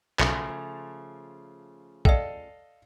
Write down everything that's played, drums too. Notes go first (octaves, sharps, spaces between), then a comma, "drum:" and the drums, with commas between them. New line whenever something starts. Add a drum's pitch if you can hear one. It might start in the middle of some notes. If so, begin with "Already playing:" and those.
B1 C#3 F3 A3 C#7, drum: clap
A4 D5 D#5 F5 G5, drum: kick A#1